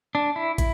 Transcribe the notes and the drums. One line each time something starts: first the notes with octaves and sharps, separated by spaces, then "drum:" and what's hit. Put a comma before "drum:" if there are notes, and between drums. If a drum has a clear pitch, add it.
D4
E4
E4, drum: kick, hi-hat